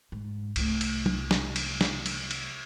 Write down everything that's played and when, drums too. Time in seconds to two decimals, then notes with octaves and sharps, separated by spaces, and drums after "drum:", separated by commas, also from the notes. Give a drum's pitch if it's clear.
0.12 G#2
0.56 C2 A3, drum: cymbal
0.81 drum: cymbal
1.06 drum: tom
1.31 drum: snare
1.56 drum: cymbal
1.81 drum: snare
2.06 drum: cymbal
2.31 drum: cymbal